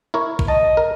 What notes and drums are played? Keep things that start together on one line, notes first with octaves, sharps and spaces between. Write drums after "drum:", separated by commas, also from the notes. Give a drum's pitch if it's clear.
E4 A#4 C#5
drum: kick
D#5 A5
A#4